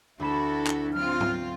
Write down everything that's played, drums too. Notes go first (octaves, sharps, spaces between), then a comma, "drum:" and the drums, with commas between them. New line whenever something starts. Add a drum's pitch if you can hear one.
D2 D4 E4 F#4 A4 B5 E7
drum: clap
F#3 C4 F4 F6
drum: tom G#2